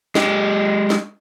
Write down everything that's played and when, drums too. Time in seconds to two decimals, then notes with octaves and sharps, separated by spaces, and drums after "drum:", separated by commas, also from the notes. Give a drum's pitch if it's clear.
0.15 G#3 G4, drum: snare
0.90 drum: snare